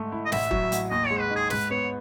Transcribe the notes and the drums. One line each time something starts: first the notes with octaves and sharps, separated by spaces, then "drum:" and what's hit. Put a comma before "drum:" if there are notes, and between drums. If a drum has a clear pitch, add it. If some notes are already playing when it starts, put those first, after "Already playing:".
Already playing: G#2 A3
E4
D#5
A1 E5, drum: snare
F#3, drum: kick
A1, drum: hi-hat
D#2 D#5
G#3 C#5
B4
D#4 G#4
G#2 B4, drum: snare
B3 C#5